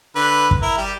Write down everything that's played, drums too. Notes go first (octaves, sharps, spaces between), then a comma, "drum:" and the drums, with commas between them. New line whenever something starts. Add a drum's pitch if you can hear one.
D3 B4
drum: kick
E4 A#4
G3 G4